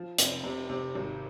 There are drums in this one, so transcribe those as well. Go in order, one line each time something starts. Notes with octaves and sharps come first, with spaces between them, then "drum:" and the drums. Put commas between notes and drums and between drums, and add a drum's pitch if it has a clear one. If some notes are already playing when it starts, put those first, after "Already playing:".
Already playing: F3
F1, drum: hi-hat
C3
C3
G#1